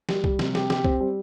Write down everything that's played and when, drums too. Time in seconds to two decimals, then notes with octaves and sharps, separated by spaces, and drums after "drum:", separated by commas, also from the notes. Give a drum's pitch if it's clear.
0.09 G3, drum: snare
0.24 G3, drum: kick C2
0.39 C3, drum: snare
0.55 G4, drum: snare
0.70 G4, drum: snare
0.85 C4, drum: kick C2
1.00 G3